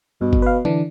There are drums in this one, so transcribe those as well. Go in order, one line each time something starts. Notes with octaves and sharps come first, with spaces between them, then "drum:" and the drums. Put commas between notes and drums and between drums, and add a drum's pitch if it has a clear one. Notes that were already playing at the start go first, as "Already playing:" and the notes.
G2 B2
drum: kick
B4 F5
D3 E3 D4, drum: tom E3